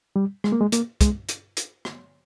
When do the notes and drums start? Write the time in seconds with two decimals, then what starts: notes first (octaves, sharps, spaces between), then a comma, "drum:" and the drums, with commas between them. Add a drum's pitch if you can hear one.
0.16 G3
0.44 G#3, drum: rim click
0.52 A#3
0.61 G#3
0.72 A#3, drum: hi-hat
1.01 G#3, drum: kick, hi-hat
1.29 drum: hi-hat
1.57 drum: hi-hat
1.85 drum: rim click